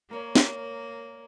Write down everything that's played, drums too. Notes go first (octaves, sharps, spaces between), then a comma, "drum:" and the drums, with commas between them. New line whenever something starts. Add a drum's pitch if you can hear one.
A#3 A#4 C#5 D5
drum: snare